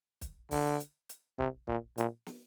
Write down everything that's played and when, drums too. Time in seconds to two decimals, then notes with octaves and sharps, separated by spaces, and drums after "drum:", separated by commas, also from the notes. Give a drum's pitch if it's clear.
0.21 drum: kick, hi-hat
0.51 D3, drum: kick, open hi-hat
0.80 drum: hi-hat
1.09 drum: hi-hat
1.39 C3, drum: kick
1.67 A#2, drum: kick
1.98 A#2, drum: hi-hat
2.26 drum: snare